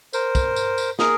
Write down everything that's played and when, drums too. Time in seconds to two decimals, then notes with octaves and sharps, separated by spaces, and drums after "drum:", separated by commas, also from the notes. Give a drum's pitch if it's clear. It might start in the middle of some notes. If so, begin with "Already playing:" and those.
0.13 A#4 C5, drum: tambourine
0.35 drum: kick, tambourine
0.56 drum: tambourine
0.78 drum: tambourine
0.99 G#4 A#4, drum: snare